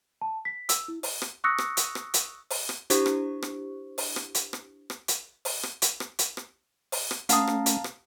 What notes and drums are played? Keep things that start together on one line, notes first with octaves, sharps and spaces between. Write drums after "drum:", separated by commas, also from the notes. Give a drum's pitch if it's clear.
A5
B6
E6, drum: hi-hat
E4
drum: open hi-hat
drum: rim click
C#6 D#6 E6 F#6 A#6 C#7
drum: rim click
drum: hi-hat
drum: rim click
drum: hi-hat
drum: open hi-hat
drum: rim click
D4 E4 G4 C5 C#6, drum: hi-hat
drum: rim click
drum: rim click
drum: open hi-hat
drum: rim click
drum: hi-hat
drum: rim click
drum: rim click
drum: hi-hat
drum: open hi-hat
drum: rim click
drum: hi-hat
drum: rim click
drum: hi-hat
drum: rim click
drum: open hi-hat
drum: rim click
A3 C#4 F5 F#5 A5 A#5 D#6, drum: hi-hat
drum: rim click
drum: hi-hat
drum: rim click